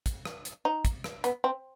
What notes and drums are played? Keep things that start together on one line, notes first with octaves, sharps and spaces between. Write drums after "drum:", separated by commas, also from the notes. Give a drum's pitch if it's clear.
drum: kick, hi-hat
drum: rim click
drum: hi-hat
D#4
drum: kick, hi-hat
drum: rim click
B3, drum: hi-hat
C4